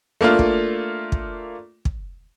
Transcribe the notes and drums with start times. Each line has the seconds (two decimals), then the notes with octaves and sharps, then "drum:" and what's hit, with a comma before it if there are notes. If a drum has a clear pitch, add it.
0.21 A3 A#3 D4 F4
0.39 drum: kick
1.12 drum: kick
1.85 drum: kick